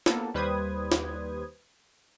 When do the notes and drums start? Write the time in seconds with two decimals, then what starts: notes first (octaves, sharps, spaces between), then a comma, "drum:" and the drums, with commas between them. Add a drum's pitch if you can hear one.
0.06 A#3 B3 A4, drum: snare
0.34 D#2 G3 B4 C5 D#6 G#6
0.92 drum: snare